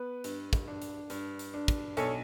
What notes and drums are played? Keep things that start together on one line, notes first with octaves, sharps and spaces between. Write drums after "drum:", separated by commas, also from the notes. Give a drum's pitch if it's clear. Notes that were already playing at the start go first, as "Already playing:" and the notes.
Already playing: B3 B4
G2, drum: hi-hat
drum: kick, hi-hat
D4
drum: hi-hat
G2, drum: hi-hat
drum: hi-hat
D4
drum: kick, hi-hat
B1 A4 C#5, drum: hi-hat